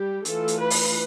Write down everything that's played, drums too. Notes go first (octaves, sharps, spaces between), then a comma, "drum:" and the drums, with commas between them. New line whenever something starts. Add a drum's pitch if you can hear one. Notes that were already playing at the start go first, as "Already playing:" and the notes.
Already playing: G3 G4
E3 A3 D4 F4 A4, drum: hi-hat
drum: hi-hat
B4
drum: open hi-hat